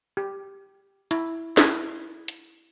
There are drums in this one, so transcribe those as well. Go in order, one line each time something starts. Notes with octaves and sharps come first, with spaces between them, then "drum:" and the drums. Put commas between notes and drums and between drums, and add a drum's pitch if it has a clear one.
G4
E4, drum: hi-hat
E4, drum: snare
drum: hi-hat